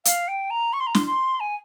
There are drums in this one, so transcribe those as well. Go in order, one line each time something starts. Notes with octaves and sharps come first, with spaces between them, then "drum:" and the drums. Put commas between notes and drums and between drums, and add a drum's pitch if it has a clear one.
F5, drum: hi-hat
G5
A#5
C#6
C6
A#5
C6, drum: snare
C6
G#5